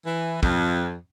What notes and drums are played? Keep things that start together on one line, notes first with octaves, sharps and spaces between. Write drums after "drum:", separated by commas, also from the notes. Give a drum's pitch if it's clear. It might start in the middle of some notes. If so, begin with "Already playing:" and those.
E3
F2, drum: kick